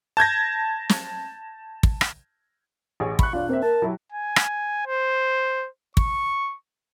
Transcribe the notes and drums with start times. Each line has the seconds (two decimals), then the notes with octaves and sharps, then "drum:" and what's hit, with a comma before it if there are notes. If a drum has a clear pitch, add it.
0.17 A5 G6 G#6 A#6
0.89 drum: snare
1.83 drum: kick
2.01 drum: rim click
3.00 A1 G#4 C#5
3.19 B5 C#6 F#6, drum: kick
3.33 E1 D4 F4 C#5
3.49 A#3 C4 E5
3.63 A#4 A5
3.82 F#3 E4 G4
4.12 G#5
4.36 drum: rim click
4.87 C5
5.97 C#6, drum: kick